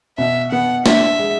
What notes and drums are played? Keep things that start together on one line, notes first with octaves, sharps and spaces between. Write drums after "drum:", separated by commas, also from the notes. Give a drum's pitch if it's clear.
B2 E5
B3 F#5
D4 E5, drum: snare
G#3